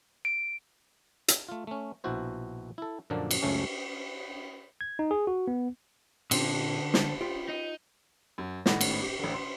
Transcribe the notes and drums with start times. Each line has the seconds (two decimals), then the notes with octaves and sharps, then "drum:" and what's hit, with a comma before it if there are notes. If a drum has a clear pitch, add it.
0.25 D7
1.28 drum: hi-hat
1.49 A3 F4
1.67 A3 C#4
2.04 A#1 B2 E4 F#4 C5
2.78 E4 A4
3.10 F#2 A#2 D3 F3 A#3 D4
3.31 drum: cymbal
3.42 C#2 F#2 C#3 A3 C#4
4.81 G#6
4.99 D#4
5.11 G#4
5.27 F#4
5.47 B3
6.31 A#2 D3 C4 F4, drum: cymbal
6.94 D4 C5, drum: snare
7.21 F4 G4 C5
7.49 D#4
8.38 F#2
8.66 G#1 A2 B3 D#4 A#6, drum: snare
8.81 drum: cymbal
9.02 G4
9.19 A1 D3
9.34 C6